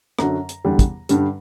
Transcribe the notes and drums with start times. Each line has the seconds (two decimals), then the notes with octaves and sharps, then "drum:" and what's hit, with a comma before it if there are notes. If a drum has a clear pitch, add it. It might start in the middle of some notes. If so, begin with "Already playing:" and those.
0.19 F#2 D3 F#3 A#5, drum: rim click
0.49 drum: hi-hat
0.65 E2 D3 G3
0.79 drum: kick, hi-hat
1.09 G2 D3 G3, drum: hi-hat